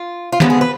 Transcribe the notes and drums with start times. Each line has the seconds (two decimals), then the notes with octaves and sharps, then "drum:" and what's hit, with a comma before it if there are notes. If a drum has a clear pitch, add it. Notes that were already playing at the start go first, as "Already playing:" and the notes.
Already playing: F4
0.32 F4
0.40 F2 D3 G#3 B3 D4 G4, drum: snare
0.50 G#4
0.61 B4